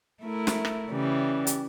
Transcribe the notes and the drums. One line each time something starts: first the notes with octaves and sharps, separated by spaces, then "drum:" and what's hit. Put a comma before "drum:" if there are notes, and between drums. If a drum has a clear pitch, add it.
A3 E4 A#4
drum: snare
drum: rim click
C#3 E3 G3 C#4
drum: hi-hat